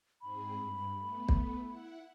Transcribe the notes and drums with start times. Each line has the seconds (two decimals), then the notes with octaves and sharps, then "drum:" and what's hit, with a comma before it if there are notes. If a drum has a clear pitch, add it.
0.22 G#2 C4 G#4 B5
0.56 G2
0.98 A3 B3
1.29 drum: kick
1.59 E4 F#5